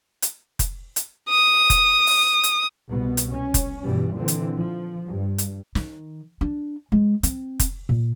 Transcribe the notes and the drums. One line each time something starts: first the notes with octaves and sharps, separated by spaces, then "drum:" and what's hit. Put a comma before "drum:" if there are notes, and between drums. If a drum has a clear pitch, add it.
drum: hi-hat
drum: kick F1, hi-hat
drum: hi-hat
D#6
drum: kick F1, hi-hat
drum: open hi-hat
drum: hi-hat
C2 B2 B3
drum: hi-hat
C#4
drum: kick F1, hi-hat
G2 B2 E3 G3
A#2 D3 E3 C4
drum: hi-hat
F3
G2
drum: hi-hat
D#3, drum: snare
D4
G#3
C4, drum: hi-hat
drum: kick F1, hi-hat
A#2